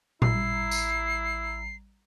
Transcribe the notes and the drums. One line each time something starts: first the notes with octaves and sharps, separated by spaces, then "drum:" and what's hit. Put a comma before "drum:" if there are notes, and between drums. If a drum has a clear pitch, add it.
A1 G3 E4 A#5 C7, drum: tom A#2
drum: tambourine